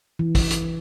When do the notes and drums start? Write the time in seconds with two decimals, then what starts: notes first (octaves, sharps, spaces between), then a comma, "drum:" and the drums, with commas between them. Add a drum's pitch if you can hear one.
0.19 E3
0.35 drum: kick, open hi-hat
0.50 drum: hi-hat